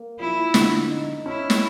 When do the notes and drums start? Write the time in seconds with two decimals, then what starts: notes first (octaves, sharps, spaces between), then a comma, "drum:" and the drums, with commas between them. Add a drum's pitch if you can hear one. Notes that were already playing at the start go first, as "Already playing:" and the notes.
Already playing: A#3
0.19 F3 E4
0.54 D3, drum: snare
0.90 D#4
1.26 C#4 E4
1.50 drum: snare